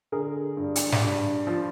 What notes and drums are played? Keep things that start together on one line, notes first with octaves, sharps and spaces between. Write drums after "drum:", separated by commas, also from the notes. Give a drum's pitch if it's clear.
D3 G#4 A#4
G2
drum: hi-hat
drum: snare
G2
F3